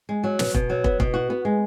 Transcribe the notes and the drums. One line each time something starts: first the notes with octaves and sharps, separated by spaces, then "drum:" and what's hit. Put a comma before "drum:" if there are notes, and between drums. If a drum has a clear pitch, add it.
G#3
F#3
B3, drum: snare
B2, drum: kick
F#3
B3, drum: kick
B2, drum: kick
F#4
B3
G#3